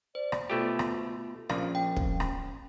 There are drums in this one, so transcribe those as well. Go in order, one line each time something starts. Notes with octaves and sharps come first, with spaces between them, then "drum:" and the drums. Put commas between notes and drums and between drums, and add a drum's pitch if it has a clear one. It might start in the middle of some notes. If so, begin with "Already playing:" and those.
C5 D5
drum: rim click
B2 A3 F4 G4
drum: rim click
A#1 F3 C#4 F5, drum: rim click
G5
drum: kick
drum: rim click